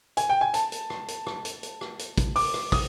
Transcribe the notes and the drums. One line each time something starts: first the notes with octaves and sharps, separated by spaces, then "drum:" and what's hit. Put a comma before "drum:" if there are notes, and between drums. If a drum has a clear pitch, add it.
G#5, drum: hi-hat
G5
G#5
A5, drum: hi-hat
drum: hi-hat
drum: rim click
drum: hi-hat
drum: rim click
drum: hi-hat
drum: hi-hat
drum: rim click
drum: hi-hat
drum: kick, hi-hat
D6, drum: open hi-hat
drum: rim click
D#6, drum: kick, open hi-hat